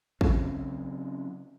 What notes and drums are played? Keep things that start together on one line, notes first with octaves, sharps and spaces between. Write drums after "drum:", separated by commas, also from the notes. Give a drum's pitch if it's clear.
C#3 F#3 C4 C#4, drum: kick